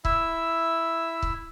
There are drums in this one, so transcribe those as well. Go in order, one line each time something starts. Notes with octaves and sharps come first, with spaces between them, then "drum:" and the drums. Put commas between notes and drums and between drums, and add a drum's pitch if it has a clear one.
E4 E5 E6, drum: kick C#1
drum: kick C#1